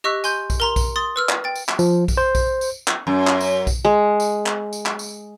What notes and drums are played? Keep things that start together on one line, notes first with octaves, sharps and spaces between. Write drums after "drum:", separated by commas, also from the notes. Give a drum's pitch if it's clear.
G4 D#5 C#6 E6 F#6 B6
G#5 C6 G6, drum: tambourine
drum: kick B1, tambourine
A#4 A#5 C6
drum: kick B1, tambourine
C6 D#6 A6
B4 E6 F6
drum: clap
G5 A6
drum: tambourine
drum: clap
F3, drum: tambourine
drum: kick B1, tambourine
C5
drum: kick B1, tambourine
drum: tambourine
drum: clap
F#2
drum: clap
drum: tambourine
drum: kick B1, tambourine
G#3
drum: tambourine
drum: clap
drum: tambourine
drum: clap
drum: tambourine